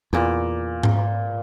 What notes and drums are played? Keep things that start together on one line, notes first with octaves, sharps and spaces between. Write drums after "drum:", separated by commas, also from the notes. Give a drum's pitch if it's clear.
E2 A#2 D6
drum: tom G#2